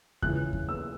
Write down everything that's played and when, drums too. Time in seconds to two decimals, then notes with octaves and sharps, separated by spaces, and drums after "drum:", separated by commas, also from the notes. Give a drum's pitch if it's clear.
0.22 C#2 C#3 E3 F#6, drum: kick E2
0.53 drum: kick E2
0.69 E6